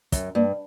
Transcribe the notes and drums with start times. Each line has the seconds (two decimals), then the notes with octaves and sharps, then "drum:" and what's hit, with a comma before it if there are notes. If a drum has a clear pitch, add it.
0.12 F#2, drum: kick, hi-hat
0.35 G2 A#3